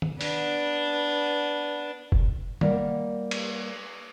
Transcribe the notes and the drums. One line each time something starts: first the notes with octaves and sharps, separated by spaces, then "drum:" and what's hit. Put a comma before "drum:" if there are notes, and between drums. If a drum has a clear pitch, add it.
drum: tom D#3
B3 D4, drum: open hi-hat
drum: kick F1
G3 A#3 A#4 C#5 F#5, drum: tom D#3
drum: cymbal